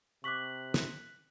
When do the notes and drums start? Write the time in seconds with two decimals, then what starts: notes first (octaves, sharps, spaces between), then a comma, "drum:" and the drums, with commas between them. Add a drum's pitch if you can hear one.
0.24 C3 C#6 D6 F#6 B6 F#7
0.74 drum: snare